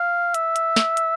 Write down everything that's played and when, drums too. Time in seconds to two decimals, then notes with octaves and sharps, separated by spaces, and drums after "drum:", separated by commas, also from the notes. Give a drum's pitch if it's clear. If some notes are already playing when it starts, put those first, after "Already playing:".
Already playing: F5
0.34 E5, drum: hi-hat
0.56 drum: hi-hat
0.76 drum: snare
0.97 drum: hi-hat